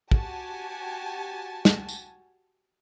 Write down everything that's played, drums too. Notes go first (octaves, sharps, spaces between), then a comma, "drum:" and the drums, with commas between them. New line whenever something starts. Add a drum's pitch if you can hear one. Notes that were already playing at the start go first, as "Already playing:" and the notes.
F#4 G4 G#5 A5, drum: kick
drum: snare
drum: tambourine